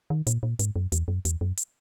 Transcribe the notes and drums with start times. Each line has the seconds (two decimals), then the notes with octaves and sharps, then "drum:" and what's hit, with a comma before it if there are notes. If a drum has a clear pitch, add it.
0.10 D#3
0.27 A#2, drum: hi-hat
0.43 A#2
0.59 G#2, drum: hi-hat
0.76 F#2
0.92 E2, drum: hi-hat
1.08 F#2
1.25 E2, drum: hi-hat
1.41 F#2
1.57 drum: hi-hat